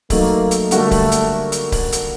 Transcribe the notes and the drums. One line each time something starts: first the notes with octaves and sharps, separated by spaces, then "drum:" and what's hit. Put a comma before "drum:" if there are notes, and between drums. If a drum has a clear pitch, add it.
F#3 A3 A#3 D#4 A4, drum: kick C#1, open hi-hat
drum: hi-hat
D3 G3 A3 A#3 F#4 A4, drum: hi-hat
drum: kick C#1, open hi-hat
drum: hi-hat
drum: hi-hat
drum: kick C#1, open hi-hat
drum: hi-hat